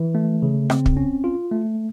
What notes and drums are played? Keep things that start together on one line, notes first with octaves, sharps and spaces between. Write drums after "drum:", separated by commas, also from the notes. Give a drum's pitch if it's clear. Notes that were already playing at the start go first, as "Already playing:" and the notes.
Already playing: E3
A3
C#3
C4, drum: rim click
drum: kick
C#4
F4
A3